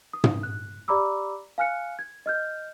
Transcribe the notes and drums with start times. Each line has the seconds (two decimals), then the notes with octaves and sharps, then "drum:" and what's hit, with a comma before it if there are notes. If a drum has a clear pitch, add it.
0.13 D#6
0.24 drum: tom
0.43 F#6
0.88 G4 D5 A#5 B5 D6 E6
1.58 F5 G#5 F6 F#6 C#7
1.99 G#6
2.26 D#5 F6 G6